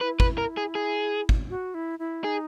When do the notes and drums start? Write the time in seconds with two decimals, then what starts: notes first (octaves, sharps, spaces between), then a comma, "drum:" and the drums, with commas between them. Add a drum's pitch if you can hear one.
0.01 E4 B4
0.20 B4, drum: kick G#1
0.38 A#4
0.57 G#4
0.75 G#4
1.29 drum: kick G#1
1.50 F#4
1.74 E4
1.99 E4
2.24 D#4 G#4